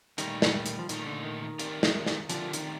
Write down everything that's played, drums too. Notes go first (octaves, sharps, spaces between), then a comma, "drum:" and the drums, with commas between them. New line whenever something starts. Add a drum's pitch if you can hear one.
A#2 D#3 G3 A3 D#4, drum: hi-hat
drum: snare
drum: hi-hat
F3
A#2 D#3 A3 D#4, drum: hi-hat
D3
D#3
D#3
A3 C4 G4 A#4 D5, drum: hi-hat
drum: snare
drum: snare
D3 F3 A3 C4 G4 A#4 D5, drum: hi-hat
D#3, drum: hi-hat